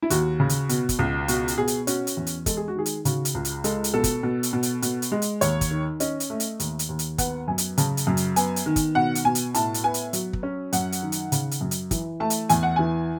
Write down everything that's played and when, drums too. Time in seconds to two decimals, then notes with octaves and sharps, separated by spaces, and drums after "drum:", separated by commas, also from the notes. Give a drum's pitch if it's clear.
0.02 E4
0.10 D#2 F#4, drum: hi-hat
0.40 C#3
0.49 drum: hi-hat
0.69 B2, drum: hi-hat
0.89 drum: kick, hi-hat
0.99 C#2
1.28 B2 F#4, drum: hi-hat
1.48 drum: hi-hat
1.58 B2 G#4
1.68 drum: hi-hat
1.87 C#4 F#4, drum: hi-hat
2.07 drum: hi-hat
2.17 E2
2.27 drum: hi-hat
2.46 G#3 A4, drum: kick, hi-hat
2.57 G#4
2.68 F#4
2.76 D#3 G#4
2.86 drum: hi-hat
3.05 C#3 F#4, drum: hi-hat
3.25 drum: hi-hat
3.35 C#2
3.45 drum: hi-hat
3.64 G#3 A4, drum: hi-hat
3.84 drum: hi-hat
3.94 B2 A4
4.04 drum: kick, hi-hat
4.23 B2
4.43 drum: hi-hat
4.53 B2
4.63 drum: hi-hat
4.82 B2, drum: hi-hat
5.02 drum: hi-hat
5.12 G#3
5.22 drum: hi-hat
5.41 D#2 C#5, drum: hi-hat
5.61 drum: kick, hi-hat
5.71 D#3
6.00 C#4 D#5, drum: hi-hat
6.20 drum: hi-hat
6.30 A3
6.40 drum: hi-hat
6.60 D#2, drum: hi-hat
6.79 drum: hi-hat
6.89 D#2
6.99 drum: hi-hat
7.18 B3 F#5, drum: kick, hi-hat
7.48 F#2 G#5
7.58 drum: hi-hat
7.78 C#3 A5, drum: hi-hat
7.97 drum: hi-hat
8.07 F#2
8.17 drum: hi-hat
8.36 B3 G#5, drum: hi-hat
8.56 drum: hi-hat
8.66 D#3
8.76 drum: kick, hi-hat
8.95 B2 F#5
9.15 drum: hi-hat
9.25 B2 G#5
9.35 drum: hi-hat
9.54 A2 A5, drum: hi-hat
9.74 drum: hi-hat
9.84 B3 G#5
9.94 drum: hi-hat
10.13 F#3, drum: hi-hat
10.33 drum: kick
10.43 C#4
10.73 F#2 F#5, drum: hi-hat
10.92 drum: hi-hat
11.02 D#3
11.12 drum: hi-hat
11.32 C#3, drum: hi-hat
11.51 drum: hi-hat
11.61 F#2
11.71 drum: hi-hat
11.91 E3, drum: kick, hi-hat
12.20 A3 A5
12.30 drum: hi-hat
12.49 E2 G#5, drum: hi-hat
12.63 F#5
12.76 E3 G#5